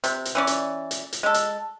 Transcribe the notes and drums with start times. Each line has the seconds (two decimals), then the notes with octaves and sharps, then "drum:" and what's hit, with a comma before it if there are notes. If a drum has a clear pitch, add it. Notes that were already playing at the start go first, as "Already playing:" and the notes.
0.04 C3, drum: hi-hat
0.25 drum: hi-hat
0.35 E3 C#4 D5
0.47 drum: hi-hat
0.91 drum: hi-hat
1.13 drum: hi-hat
1.23 G#3 A4
1.34 drum: hi-hat